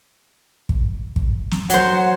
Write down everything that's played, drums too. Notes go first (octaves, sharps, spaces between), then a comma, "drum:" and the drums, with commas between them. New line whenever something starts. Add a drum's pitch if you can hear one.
drum: kick
drum: kick
drum: snare
F#3 C5 F#5, drum: hi-hat